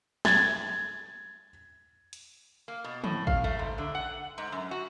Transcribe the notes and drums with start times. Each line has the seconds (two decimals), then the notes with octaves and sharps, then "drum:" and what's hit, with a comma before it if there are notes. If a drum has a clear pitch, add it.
0.25 G#6 A6, drum: snare
2.13 drum: hi-hat
2.68 A#3
2.84 B2
3.04 A2, drum: tom
3.27 F5, drum: kick A1
3.44 A3
3.59 G#2
3.78 D3
3.95 F#5
4.38 G#2
4.52 F#2
4.71 F#4